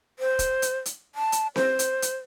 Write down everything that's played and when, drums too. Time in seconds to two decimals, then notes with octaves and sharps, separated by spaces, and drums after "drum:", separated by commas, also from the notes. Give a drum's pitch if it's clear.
0.19 C5
0.39 drum: kick E1, hi-hat
0.62 drum: hi-hat
0.86 drum: hi-hat
1.15 A5
1.32 drum: hi-hat
1.56 C5, drum: snare C4
1.79 drum: hi-hat
2.02 drum: hi-hat